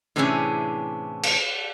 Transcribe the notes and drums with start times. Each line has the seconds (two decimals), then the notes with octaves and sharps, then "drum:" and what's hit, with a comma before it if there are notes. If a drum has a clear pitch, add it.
0.16 A2 C3 E3 C#4 D4 G#4
1.23 drum: cymbal